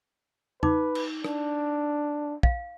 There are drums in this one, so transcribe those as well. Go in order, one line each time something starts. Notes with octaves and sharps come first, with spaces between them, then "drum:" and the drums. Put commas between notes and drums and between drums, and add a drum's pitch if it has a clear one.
D#4 B4 D6, drum: tom
drum: cymbal
D4, drum: rim click
F5, drum: kick